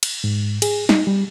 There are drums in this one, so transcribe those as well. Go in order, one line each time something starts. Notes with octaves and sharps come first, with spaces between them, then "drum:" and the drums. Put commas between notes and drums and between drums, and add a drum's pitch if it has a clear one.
drum: cymbal
G#2
G#4, drum: cymbal
D#4, drum: snare
G3